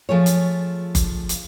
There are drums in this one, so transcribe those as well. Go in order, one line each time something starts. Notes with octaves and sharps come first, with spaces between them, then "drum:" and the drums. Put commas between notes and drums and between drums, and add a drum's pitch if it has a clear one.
F3 A3 G#4 C#5
drum: hi-hat
drum: kick F#1, hi-hat
drum: hi-hat